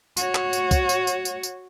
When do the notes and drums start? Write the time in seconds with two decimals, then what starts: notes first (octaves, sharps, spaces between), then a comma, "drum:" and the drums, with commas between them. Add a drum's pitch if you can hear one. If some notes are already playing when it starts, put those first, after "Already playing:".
0.17 F#4 C#5, drum: tambourine
0.35 drum: clap
0.53 drum: tambourine
0.71 drum: kick, tambourine
0.89 drum: tambourine
1.07 drum: tambourine
1.25 drum: tambourine
1.43 drum: tambourine